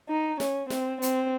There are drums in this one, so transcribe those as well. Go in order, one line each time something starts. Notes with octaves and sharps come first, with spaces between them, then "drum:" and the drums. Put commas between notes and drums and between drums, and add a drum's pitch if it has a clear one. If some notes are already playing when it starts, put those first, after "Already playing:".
D#4
C#4, drum: snare
C4, drum: snare
C4, drum: hi-hat